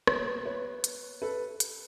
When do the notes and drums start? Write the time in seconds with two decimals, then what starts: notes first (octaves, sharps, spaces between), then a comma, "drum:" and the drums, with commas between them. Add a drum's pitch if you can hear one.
0.07 B2 G3 A#3 B4 C#5, drum: rim click
0.45 B4 C#5
0.84 drum: hi-hat
1.22 A4 B4
1.60 drum: hi-hat